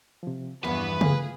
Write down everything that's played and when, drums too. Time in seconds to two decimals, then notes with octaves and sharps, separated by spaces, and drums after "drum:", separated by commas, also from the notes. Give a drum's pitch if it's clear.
0.23 C3 F3
0.65 E2 G2 E3 F3 B3 B4
1.01 A3 F4 G#4 F5, drum: tom C#3